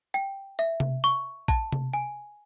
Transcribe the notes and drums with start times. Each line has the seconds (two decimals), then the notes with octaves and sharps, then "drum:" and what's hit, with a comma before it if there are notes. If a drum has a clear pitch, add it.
0.14 G5
0.59 E5
0.80 drum: tom C3
1.04 C#6
1.48 A5, drum: kick A#1
1.72 drum: tom C3
1.94 G#5